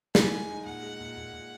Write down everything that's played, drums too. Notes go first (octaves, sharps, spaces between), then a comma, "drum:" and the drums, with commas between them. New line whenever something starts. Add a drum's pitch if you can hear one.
G#3 G#5, drum: snare
G#3
D#4
A#2 F#5
G#3
A#2
A#2
A#2